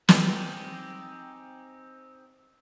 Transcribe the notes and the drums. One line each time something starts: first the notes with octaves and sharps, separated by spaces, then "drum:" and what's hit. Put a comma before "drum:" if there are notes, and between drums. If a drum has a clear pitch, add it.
C4 D#4 G4 G#4, drum: snare